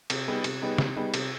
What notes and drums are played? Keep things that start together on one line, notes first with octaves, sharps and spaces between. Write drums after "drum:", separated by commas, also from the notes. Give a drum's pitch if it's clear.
C3, drum: cymbal
G3 B3 D#4 G#4
C3, drum: cymbal
G3 B3 D#4 G#4
C3, drum: snare
G3 B3 D#4 G#4
C3, drum: cymbal